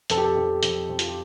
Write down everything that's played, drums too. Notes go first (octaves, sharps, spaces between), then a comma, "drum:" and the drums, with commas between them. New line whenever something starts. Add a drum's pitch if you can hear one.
F2 A4, drum: hi-hat
G4
A4
F2
F2, drum: hi-hat
F2
F4, drum: hi-hat
G4